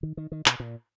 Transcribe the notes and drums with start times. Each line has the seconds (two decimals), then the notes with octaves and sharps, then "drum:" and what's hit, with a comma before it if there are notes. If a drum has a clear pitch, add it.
0.03 D#3
0.17 D#3
0.32 D#3
0.46 B2, drum: clap
0.60 A#2